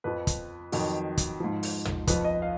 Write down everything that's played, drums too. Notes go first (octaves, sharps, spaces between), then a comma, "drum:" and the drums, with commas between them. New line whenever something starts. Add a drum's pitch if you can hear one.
F2 F3 B4
drum: kick, hi-hat
F2 D#3 F#3, drum: open hi-hat
drum: kick, hi-hat
G#2 F3
drum: open hi-hat
drum: tom
F2 F3 B4, drum: kick, hi-hat
D#5
F5